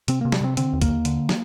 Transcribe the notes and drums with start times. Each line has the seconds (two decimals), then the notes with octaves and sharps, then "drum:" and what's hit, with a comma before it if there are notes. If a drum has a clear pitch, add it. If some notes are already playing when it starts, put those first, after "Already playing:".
0.08 C3 C4, drum: hi-hat
0.21 C3 A#3
0.32 G3, drum: snare
0.41 C3 C4
0.57 D3 C4, drum: hi-hat
0.73 D#2
0.82 A#3, drum: kick, hi-hat
0.88 D#2
1.05 D3, drum: hi-hat
1.29 drum: snare